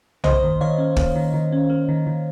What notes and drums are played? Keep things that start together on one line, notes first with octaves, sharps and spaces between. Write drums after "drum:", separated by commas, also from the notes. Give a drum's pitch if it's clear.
A#3 C5 D#5, drum: tom B1
D#3
D#3 C#5 F5
C#4
A#3, drum: kick
D#3
D#3
C#4
A#3
D#3
D#3